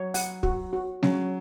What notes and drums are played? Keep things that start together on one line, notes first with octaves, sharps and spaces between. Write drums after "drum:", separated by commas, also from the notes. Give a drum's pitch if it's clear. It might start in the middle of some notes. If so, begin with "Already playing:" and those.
Already playing: F#3 C#5
F#5, drum: open hi-hat
F#4, drum: kick
F#4
F#3 C#4, drum: snare G3